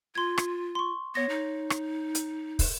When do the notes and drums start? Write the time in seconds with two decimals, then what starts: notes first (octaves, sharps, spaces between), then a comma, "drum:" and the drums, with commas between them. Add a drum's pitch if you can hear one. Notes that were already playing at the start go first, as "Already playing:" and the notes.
0.15 F4 C6 G#6
0.38 drum: rim click
0.75 C6 C#6
1.15 B3 C#5 A#6
1.29 D#4
1.70 drum: rim click
2.15 drum: hi-hat
2.59 drum: kick, open hi-hat